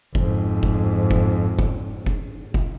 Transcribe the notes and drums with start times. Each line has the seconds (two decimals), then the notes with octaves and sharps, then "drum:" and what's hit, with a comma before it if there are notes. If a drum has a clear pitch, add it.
0.15 F2 G#2, drum: kick F1
0.63 drum: kick F1
1.11 drum: kick F1
1.59 drum: kick F1
2.06 drum: kick F1
2.54 drum: kick F1